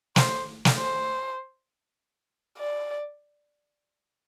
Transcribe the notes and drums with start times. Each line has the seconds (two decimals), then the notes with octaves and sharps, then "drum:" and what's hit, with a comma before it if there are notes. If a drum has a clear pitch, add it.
0.16 C5, drum: snare
0.65 drum: snare
0.78 C5
2.59 D5